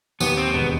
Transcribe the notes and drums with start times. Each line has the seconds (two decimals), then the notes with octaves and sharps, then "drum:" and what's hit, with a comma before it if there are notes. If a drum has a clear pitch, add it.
0.20 D#2 B3, drum: tambourine
0.37 C4
0.54 E1 B3